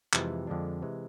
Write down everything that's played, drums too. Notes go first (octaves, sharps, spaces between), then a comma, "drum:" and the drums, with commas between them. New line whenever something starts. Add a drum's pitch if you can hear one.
F2 C3 E3 G#3, drum: clap
F2 D3 F3 G#3 D4
C3 E3 G#3